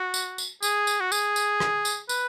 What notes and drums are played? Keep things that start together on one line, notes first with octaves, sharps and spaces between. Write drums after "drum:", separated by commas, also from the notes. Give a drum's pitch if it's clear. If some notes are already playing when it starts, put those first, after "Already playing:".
Already playing: F#4
drum: tambourine
drum: tambourine
G#4, drum: tambourine
drum: tambourine
F#4
G#4, drum: tambourine
drum: tambourine
drum: rim click
drum: tambourine
B4, drum: tambourine